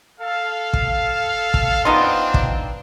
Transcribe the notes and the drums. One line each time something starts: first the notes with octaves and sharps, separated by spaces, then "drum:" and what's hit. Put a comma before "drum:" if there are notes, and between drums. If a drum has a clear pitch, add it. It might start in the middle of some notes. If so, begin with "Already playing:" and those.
A4 F5
drum: kick
drum: kick
B3 C4 D4 D#4 F4
drum: kick